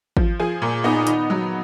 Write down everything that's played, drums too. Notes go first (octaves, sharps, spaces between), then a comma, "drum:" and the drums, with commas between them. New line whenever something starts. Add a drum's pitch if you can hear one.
F3, drum: kick G#1
F3 G#4 G#5
A#2
B3 D#4 D#5
D#3, drum: hi-hat
F#3